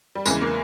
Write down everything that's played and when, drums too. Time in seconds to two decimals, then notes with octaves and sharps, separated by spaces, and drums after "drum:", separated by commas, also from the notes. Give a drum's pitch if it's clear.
0.15 G3
0.26 E2 C#3 E3 G#3, drum: tambourine
0.41 A#3